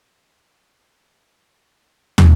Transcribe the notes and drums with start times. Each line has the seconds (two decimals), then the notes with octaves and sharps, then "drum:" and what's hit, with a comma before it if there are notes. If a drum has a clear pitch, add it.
0.06 F3 G#3 A#3 E4 G#4 A4
2.18 drum: tom